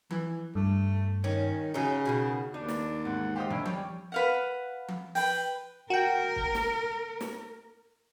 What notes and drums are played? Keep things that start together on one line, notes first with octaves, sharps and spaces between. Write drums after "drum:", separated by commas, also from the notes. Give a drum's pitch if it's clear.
E3, drum: tom F3
G2 A3
D#3 C#4
C#3 F#3 D#4 G#4
B2 D3 D#3
D#2 D4 D#4
drum: snare
E2 G#2 C4 F#5
F4 G4 C5 D#5
D#2 D4 E4
G3 C#4 C#5 D5 G5, drum: tom F3
B4 F5 F#5
drum: tom F3
B4 G5, drum: open hi-hat
F#4 A#4 G5
drum: kick
drum: snare
drum: snare